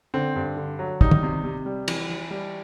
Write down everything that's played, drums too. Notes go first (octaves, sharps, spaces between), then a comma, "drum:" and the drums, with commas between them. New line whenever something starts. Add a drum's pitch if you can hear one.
D3 C4
G2
D3
F#3
G3 D#4, drum: kick
drum: tom
C3
C3
G3
E3, drum: cymbal
E3
G3